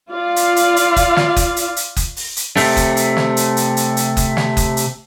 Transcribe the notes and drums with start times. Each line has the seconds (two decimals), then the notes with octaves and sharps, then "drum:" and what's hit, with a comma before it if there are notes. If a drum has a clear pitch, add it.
0.11 F4 D5 F5
0.36 drum: hi-hat
0.56 drum: hi-hat
0.76 drum: hi-hat
0.96 drum: kick F#1, hi-hat
1.16 drum: snare
1.36 drum: kick F#1, hi-hat
1.56 drum: hi-hat
1.76 drum: hi-hat
1.96 drum: kick F#1, hi-hat
2.16 drum: open hi-hat
2.37 drum: hi-hat
2.57 C3 A3, drum: open hi-hat
2.77 drum: kick F#1, hi-hat
2.97 drum: hi-hat
3.17 drum: snare
3.37 drum: hi-hat
3.57 drum: hi-hat
3.77 drum: hi-hat
3.97 drum: hi-hat
4.17 drum: kick F#1, hi-hat
4.37 drum: snare
4.57 drum: kick F#1, hi-hat
4.77 drum: hi-hat